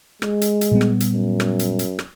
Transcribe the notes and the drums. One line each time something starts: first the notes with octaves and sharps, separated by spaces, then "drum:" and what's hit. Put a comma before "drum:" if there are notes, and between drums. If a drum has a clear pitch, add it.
G#3, drum: rim click
drum: hi-hat
drum: hi-hat
A#2 G3 B3
drum: rim click
drum: hi-hat
F#2
drum: rim click
drum: hi-hat
drum: hi-hat
drum: rim click